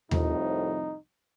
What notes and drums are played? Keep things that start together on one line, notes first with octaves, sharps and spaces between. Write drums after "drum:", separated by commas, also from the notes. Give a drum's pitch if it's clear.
C2 F2 A2 D#4, drum: tom D#2